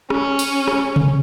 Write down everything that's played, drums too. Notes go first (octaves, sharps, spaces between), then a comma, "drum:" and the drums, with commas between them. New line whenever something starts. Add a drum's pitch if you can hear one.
C#4, drum: rim click
drum: tambourine
drum: rim click
drum: tom C3